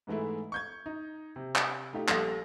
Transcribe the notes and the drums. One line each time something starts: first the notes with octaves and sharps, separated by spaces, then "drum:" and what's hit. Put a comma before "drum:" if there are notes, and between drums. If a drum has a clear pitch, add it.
G#2 E3 G#3 A3 E4
C#6 G6 G#6
D#4
C3
drum: clap
A3 D#4 F4 G4
A#1 G3 A4 F5 A#6, drum: clap